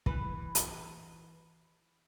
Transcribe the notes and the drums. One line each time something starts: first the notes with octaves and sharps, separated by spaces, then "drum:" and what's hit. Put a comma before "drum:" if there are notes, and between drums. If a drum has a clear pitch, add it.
E3 B4, drum: kick
drum: hi-hat